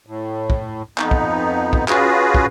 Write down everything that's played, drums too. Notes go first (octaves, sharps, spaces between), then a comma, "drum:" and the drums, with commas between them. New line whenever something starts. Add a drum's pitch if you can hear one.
A2
drum: kick
F2 B3 D#4, drum: clap
drum: kick
drum: kick
C#4 F4 F#4 G#4 B4, drum: clap
drum: kick